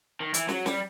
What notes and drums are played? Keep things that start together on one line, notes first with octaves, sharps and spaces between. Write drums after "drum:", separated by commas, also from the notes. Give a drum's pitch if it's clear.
D#3
E3, drum: hi-hat
F#3, drum: snare
G3, drum: snare